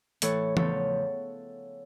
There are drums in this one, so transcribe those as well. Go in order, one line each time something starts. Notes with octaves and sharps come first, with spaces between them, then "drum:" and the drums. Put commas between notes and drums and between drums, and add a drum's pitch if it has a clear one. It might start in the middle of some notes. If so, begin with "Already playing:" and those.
A2 E3 A4 C#5, drum: hi-hat
E2 C#3 F3 A4 C#5, drum: tom E3